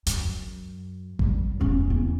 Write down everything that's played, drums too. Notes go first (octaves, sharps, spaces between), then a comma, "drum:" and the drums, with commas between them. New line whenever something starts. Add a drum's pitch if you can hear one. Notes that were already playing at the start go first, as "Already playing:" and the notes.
F#2, drum: hi-hat
G3, drum: kick G#1
E1 C#4
E2